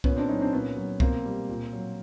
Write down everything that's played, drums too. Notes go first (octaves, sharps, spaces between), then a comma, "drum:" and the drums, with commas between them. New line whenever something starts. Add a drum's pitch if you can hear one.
A#2 B3 C#4, drum: kick C2
C4 D4
F#3 C#4 D#4
C4 D4
A#2 B3 C#4
F#3
B2 A#3 C4, drum: kick C2
G3
A#2
F#3